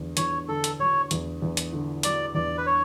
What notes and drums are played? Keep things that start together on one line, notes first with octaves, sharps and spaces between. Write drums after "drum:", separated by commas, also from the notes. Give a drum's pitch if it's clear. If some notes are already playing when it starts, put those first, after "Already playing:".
Already playing: E2 D3
E2 C#5, drum: hi-hat
D3 A4
drum: hi-hat
F#3 C#5
E2, drum: hi-hat
E2
drum: hi-hat
D3
F#3 D5, drum: hi-hat
E2 D5
B4
C#5